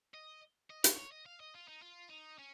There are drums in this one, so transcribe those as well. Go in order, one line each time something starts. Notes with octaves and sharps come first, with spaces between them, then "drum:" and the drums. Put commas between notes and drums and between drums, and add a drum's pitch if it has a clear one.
D#5
D#5
C#5, drum: hi-hat
C#5
D#5
F5
D#5
F4
D#4
F4
D#4
C#4